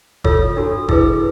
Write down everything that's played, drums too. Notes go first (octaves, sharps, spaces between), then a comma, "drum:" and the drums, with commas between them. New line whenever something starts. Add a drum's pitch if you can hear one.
F4 A4 C#5 E6, drum: kick G1
D4 F#4 A4
E4 G#4 B4 E6, drum: kick G1